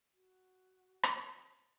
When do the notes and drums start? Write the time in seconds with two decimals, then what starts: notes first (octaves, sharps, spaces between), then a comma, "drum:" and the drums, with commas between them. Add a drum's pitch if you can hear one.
0.13 F#4
1.03 drum: rim click